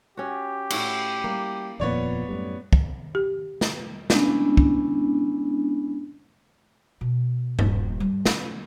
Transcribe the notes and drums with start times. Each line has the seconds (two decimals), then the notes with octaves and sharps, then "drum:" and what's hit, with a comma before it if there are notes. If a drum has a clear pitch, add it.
0.17 C#4 F#4 G4
0.70 A2 E4 F#4, drum: cymbal
1.24 G3 A#3
1.80 D#1 F2 A#2 B3 C#5 D5
2.28 F#2 A2 G3
2.73 drum: kick
3.15 G4
3.61 drum: snare
4.10 G#3 B3 C#4 D4 E4, drum: snare
4.57 drum: kick
7.01 B2
7.59 D#1, drum: tom G2
8.00 G3
8.25 C#4, drum: snare